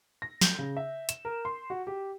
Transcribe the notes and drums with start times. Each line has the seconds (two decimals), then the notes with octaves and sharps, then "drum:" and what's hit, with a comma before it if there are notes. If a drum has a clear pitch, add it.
0.22 A#6
0.41 G6, drum: snare
0.59 C#3
0.77 E5
1.09 E7, drum: hi-hat
1.25 A#4
1.45 C6
1.70 F#4
1.87 G4